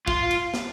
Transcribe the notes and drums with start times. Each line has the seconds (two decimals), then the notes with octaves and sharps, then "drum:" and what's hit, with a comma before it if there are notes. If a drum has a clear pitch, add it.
0.08 F4, drum: kick
0.31 drum: cymbal
0.54 drum: snare